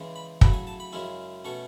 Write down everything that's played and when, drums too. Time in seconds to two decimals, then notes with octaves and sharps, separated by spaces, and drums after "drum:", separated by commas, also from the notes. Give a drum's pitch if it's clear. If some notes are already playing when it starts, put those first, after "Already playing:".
Already playing: C#3 E3 G#3
0.16 B5
0.41 C#3 F#3 A3 E4 B5, drum: kick
0.53 G#5
0.67 A5
0.80 B5
0.92 F#2 C#3 G#3 C#4 E4
1.45 B2 A3 C#4 C#6